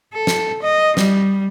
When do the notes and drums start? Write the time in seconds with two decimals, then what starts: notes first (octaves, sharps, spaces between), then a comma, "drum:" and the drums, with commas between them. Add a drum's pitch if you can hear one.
0.14 A4
0.27 drum: snare
0.62 D#5
0.97 G3, drum: snare